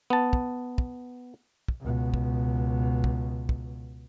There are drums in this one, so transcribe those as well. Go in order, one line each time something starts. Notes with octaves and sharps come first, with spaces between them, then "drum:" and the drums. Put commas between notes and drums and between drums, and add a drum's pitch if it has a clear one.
B3 A5
drum: kick
drum: kick
drum: kick
C#2 B2
drum: kick
drum: kick
drum: kick